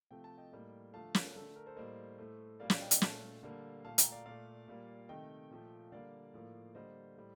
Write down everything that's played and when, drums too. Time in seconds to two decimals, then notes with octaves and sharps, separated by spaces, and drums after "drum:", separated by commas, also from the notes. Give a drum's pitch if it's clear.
0.11 C3 F3 A3 G5
0.24 A5
0.38 D#5 G5
0.53 A2 G3 A#3
0.93 D3 F3 A3 F5 A5
1.15 A#4, drum: snare
1.35 D3 A3 A4
1.56 A#4
1.66 A4 C5
1.76 A2 G3 A#3 C5 D#5
2.18 A2 A3
2.59 A#2 G3 A#3 D5 F5
2.70 D5 F5, drum: snare
2.81 D#5 G5
2.91 D#5 G5, drum: hi-hat
3.02 A#2 A3 F5 A5, drum: snare
3.43 D3 G3 A#3
3.85 A#2 A3 F5 A5
3.98 G5 A#5, drum: hi-hat
4.12 D5 F5
4.26 A#2 A3 D5 F5
4.68 A#2 G3 A#3
5.09 C3 D#3 A3 D#5 G5
5.50 A#2 F3 A3
5.92 D3 G3 A#3 D5 F5
6.34 A2 F3 A#3
6.75 D3 G3 A#3 C5 D#5
7.17 A2 G3